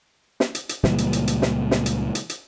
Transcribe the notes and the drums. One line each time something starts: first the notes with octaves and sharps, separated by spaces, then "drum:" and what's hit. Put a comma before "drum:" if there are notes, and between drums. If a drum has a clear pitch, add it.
drum: snare
drum: hi-hat
drum: hi-hat
C#2 A#2 E3 G3, drum: snare
drum: hi-hat
drum: hi-hat
drum: hi-hat
drum: snare
drum: snare
drum: hi-hat
drum: hi-hat
drum: hi-hat